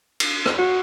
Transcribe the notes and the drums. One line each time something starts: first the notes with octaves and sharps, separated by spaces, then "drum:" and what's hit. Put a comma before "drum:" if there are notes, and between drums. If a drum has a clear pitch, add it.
drum: cymbal
drum: rim click
F#4